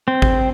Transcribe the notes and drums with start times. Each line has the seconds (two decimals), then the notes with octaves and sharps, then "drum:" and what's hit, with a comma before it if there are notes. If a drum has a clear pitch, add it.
0.08 C4
0.22 drum: kick